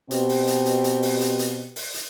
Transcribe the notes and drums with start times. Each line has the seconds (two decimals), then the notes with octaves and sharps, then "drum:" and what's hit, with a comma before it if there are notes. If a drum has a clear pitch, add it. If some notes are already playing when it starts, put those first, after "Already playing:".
0.11 B2 C4 G4, drum: hi-hat
0.29 drum: open hi-hat
0.47 drum: hi-hat
0.66 drum: hi-hat
0.84 drum: hi-hat
1.02 drum: open hi-hat
1.21 drum: hi-hat
1.39 drum: hi-hat
1.76 drum: open hi-hat
1.94 drum: hi-hat